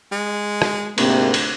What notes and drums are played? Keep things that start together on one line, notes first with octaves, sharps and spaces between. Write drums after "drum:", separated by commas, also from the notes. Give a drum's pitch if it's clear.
G#3
drum: rim click
D2 G#2 C3 A#3, drum: cymbal
drum: cymbal